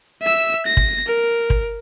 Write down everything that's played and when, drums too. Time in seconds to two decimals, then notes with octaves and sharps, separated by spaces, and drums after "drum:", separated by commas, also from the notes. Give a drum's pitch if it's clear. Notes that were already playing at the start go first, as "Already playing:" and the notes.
0.22 E5 E6
0.66 A#6
0.77 drum: kick
1.06 A#4
1.50 drum: kick